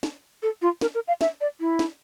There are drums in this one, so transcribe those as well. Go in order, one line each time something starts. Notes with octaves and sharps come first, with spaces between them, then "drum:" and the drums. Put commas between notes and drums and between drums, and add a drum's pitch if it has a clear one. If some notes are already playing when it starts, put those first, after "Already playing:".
drum: snare
A4
F4
A#4, drum: snare
A#4
F5
E5, drum: snare
D5
E4
drum: snare